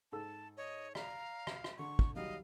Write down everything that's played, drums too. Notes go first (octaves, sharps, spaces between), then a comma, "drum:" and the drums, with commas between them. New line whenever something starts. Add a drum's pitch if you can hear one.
G#2 A4 A5 E6
C#5 D#5
D5 F5 A#5, drum: rim click
drum: rim click
drum: rim click
D3 C6 C#6
drum: kick
D#2 F#3 G3 D#5 F5